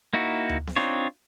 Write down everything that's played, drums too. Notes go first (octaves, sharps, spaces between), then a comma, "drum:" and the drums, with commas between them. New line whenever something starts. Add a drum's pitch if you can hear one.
A#3 D#4 E4 F#4
drum: tom D2
drum: snare B3
C4 D4 D#4 F4 C#5